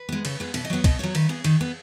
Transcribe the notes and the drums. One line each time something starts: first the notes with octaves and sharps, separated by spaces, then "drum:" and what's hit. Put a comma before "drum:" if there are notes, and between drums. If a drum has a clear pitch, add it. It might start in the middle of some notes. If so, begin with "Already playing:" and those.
Already playing: B4
G#3 B3
C#3, drum: cymbal
G#3 B3
B2 B4, drum: cymbal
D#5
F#3 B3 F#5
B2 D#5, drum: kick, cymbal
F#3 B3 C#5
D#3 B4, drum: cymbal
B3 G#4
D#3, drum: cymbal
B3